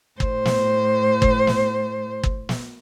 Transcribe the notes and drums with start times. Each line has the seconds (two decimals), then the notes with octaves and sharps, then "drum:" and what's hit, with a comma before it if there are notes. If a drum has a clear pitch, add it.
0.20 A2 C5, drum: kick
0.45 drum: snare
1.22 drum: kick
1.47 drum: snare
2.23 drum: kick
2.49 drum: snare